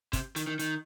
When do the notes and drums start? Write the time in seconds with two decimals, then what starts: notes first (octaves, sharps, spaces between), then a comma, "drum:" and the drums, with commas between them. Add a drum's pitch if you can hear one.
0.13 C3, drum: kick, hi-hat
0.36 D#3, drum: hi-hat
0.47 D#3
0.59 D#3, drum: hi-hat